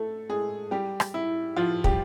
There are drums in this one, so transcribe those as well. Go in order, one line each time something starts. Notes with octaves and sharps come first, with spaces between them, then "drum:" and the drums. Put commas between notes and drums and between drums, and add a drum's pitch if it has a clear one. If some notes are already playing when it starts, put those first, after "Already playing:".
Already playing: A3 A4
G#3 G#4
G3 G4
drum: rim click
E4
F3 F4
G3 G4, drum: kick